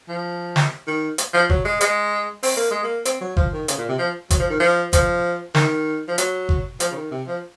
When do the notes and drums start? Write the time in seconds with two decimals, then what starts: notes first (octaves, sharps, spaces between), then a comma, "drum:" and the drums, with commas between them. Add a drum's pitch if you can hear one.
0.09 F3
0.56 drum: snare
0.87 D#3
1.18 drum: hi-hat
1.34 F3
1.50 F#3, drum: kick G1
1.65 G#3
1.81 G#3, drum: hi-hat
2.43 C4, drum: open hi-hat
2.57 A#3
2.71 G#3
2.83 A#3
3.05 C4, drum: hi-hat
3.21 F#3
3.37 F3, drum: kick G1
3.53 D#3
3.68 C#3, drum: hi-hat
3.78 A#2
3.89 C3
3.98 F3
4.30 F#3, drum: kick G1, hi-hat
4.40 F3
4.50 D#3
4.60 F3
4.93 F3, drum: kick G1, hi-hat
5.55 D#3, drum: snare
6.08 F3
6.18 F#3, drum: hi-hat
6.49 drum: kick G1
6.80 F3, drum: hi-hat
6.91 C#3
6.96 D#3
7.11 C3
7.27 F3